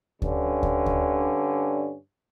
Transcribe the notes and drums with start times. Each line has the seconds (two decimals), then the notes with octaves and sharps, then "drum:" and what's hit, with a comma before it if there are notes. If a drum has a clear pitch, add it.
0.22 G2 D3 C#4, drum: kick D2
0.63 drum: kick D2
0.86 drum: kick D2